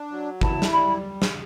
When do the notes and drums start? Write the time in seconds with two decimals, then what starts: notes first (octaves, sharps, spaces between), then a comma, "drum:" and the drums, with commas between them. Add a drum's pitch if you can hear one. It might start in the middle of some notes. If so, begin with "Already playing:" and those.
Already playing: D4
0.12 F#3
0.41 E4 A5, drum: kick
0.62 drum: snare
0.72 G3 B5
1.22 drum: snare